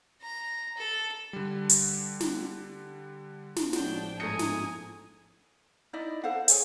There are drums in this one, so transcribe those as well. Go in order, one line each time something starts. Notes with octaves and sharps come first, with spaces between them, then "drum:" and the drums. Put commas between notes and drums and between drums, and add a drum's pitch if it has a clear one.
A#5
A4
D3 G3
drum: hi-hat
drum: snare
drum: snare
A1 F3 G#3 C#4 D4 F#4 G5, drum: snare
G#2 A3 G#5 A#5 D#6 C#7
drum: snare
D#4 E4 D5 D#5
A4 C5 F5 F#5
G#4 C#5 G#5, drum: hi-hat